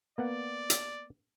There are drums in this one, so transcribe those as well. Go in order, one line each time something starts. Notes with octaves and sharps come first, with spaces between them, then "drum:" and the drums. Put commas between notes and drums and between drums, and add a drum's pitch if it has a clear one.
A#3 B3 D5 F#5
drum: hi-hat